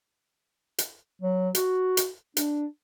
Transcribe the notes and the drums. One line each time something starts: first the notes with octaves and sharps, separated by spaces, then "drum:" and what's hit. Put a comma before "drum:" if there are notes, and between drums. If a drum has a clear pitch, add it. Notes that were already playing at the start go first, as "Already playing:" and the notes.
drum: hi-hat
F#3
F#4, drum: hi-hat
drum: hi-hat
D4, drum: hi-hat